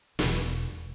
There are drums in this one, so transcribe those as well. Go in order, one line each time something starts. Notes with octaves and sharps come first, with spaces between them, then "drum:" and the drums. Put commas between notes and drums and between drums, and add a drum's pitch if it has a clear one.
E1, drum: snare